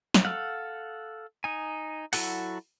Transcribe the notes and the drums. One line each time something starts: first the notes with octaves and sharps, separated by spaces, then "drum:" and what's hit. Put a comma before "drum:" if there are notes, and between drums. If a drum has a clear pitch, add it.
drum: snare
A4 F5 F#5
D#4 G#5
F#3 E4 F#4 A4 F#5, drum: open hi-hat